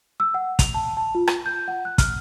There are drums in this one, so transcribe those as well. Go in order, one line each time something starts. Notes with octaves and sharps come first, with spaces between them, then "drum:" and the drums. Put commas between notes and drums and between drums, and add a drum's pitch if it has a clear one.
E6
F#5
F7, drum: kick, hi-hat
A5
A5
F4
drum: rim click
G6
F#5
F#6
F6, drum: kick, hi-hat